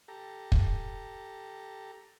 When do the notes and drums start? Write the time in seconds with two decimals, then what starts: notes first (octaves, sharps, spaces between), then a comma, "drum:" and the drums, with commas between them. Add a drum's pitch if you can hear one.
0.08 G4 A4 A#5
0.52 drum: kick